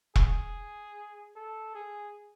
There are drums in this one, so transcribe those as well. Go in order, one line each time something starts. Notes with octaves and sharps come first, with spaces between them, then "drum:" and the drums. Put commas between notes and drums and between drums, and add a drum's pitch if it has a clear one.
G#4, drum: kick E1
A4
G#4